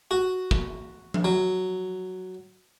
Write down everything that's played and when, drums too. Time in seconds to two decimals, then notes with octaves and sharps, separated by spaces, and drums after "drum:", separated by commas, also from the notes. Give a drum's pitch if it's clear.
0.11 F#4
0.51 drum: kick
1.14 drum: tom F3
1.24 F#3